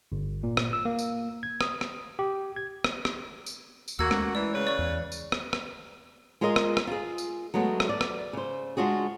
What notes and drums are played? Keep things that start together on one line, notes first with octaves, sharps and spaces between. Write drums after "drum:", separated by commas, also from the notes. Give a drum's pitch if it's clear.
G1
A#2
drum: rim click
E6
A#3
drum: tambourine
G#6
D#6, drum: rim click
drum: rim click
G4
G#6
drum: rim click
drum: rim click
drum: tambourine
drum: tambourine
D#2 A#3 F#4 E6 G#6
G#3 A3 C#4, drum: rim click
E3 D5
C#3 B4 C#5
D5 C#6
E2
drum: tambourine
drum: rim click
drum: rim click
G#3 F4 G#4 A#4 D#5
drum: rim click
drum: rim click
F4 G#4
drum: tambourine
F#3 G#3 A3 B3
drum: rim click
D5
drum: rim click
C#3 C5
G#3 D4 F4 F#4 G#4